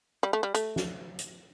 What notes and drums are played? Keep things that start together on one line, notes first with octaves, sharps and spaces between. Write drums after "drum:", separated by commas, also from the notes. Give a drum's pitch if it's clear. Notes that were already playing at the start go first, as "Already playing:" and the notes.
G3
A3
G3
A3, drum: hi-hat
drum: snare
drum: hi-hat